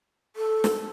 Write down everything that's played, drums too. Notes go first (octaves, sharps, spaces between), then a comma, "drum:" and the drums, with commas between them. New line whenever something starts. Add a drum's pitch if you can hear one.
A4
drum: snare